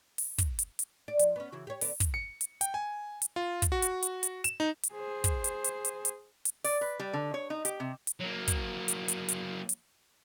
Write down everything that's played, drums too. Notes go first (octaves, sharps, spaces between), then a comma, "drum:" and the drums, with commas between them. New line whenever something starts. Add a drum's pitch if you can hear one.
drum: open hi-hat
drum: kick, hi-hat
drum: hi-hat
drum: hi-hat
D5
F3, drum: hi-hat
B3 C#4
C#3 E3 F#4
G4 C#5
D3 B3 D5, drum: open hi-hat
drum: kick, hi-hat
C#7
drum: hi-hat
G5, drum: hi-hat
G#5
drum: hi-hat
F4
drum: kick, hi-hat
F#4
drum: hi-hat
drum: hi-hat
drum: hi-hat
E7, drum: hi-hat
D#4
drum: hi-hat
G#4 C5
drum: kick, hi-hat
drum: hi-hat
drum: hi-hat
drum: hi-hat
drum: hi-hat
drum: hi-hat
D5, drum: open hi-hat
B4
G3
D3
C#5
D#4
G4, drum: hi-hat
C3
drum: hi-hat
F#3 A#3
drum: kick, hi-hat
drum: hi-hat
drum: hi-hat
drum: hi-hat
drum: hi-hat